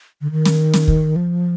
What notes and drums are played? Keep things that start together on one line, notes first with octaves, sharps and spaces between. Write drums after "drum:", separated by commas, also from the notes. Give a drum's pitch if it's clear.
D3
D#3
drum: snare
drum: snare
drum: kick
F3